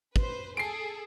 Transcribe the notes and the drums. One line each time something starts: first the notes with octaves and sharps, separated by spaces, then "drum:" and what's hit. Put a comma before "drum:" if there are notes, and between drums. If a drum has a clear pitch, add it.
B4 C5, drum: kick
G#4 A4 C7 D7